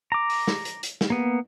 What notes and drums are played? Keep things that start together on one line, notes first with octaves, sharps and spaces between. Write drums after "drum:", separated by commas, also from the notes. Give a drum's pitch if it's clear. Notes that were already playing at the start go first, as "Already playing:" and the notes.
A#5 D6
drum: open hi-hat
drum: snare
drum: hi-hat
drum: hi-hat
drum: snare
A#3 B3